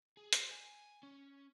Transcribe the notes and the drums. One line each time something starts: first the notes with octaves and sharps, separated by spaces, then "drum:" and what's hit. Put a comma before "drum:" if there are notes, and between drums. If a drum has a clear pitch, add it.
G#4
C5, drum: hi-hat
G#5
C#4